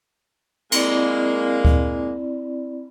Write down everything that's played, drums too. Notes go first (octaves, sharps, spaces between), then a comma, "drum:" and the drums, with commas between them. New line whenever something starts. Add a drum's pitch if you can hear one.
G#3 A#3 C4 E4 D5, drum: cymbal
drum: kick D2